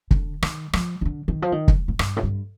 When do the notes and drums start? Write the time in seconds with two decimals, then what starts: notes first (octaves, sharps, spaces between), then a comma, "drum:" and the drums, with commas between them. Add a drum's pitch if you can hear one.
0.11 D3, drum: kick
0.42 D#3, drum: rim click
0.73 F3, drum: rim click
1.01 D#3
1.05 D3
1.28 D#3
1.42 F3
1.52 D#3
1.68 drum: kick
1.88 A2
1.99 G2, drum: rim click
2.16 A2
2.23 G2